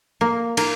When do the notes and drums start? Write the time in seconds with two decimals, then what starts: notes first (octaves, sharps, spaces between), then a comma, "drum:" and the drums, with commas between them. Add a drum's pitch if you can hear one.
0.21 A#3
0.57 A#3, drum: cymbal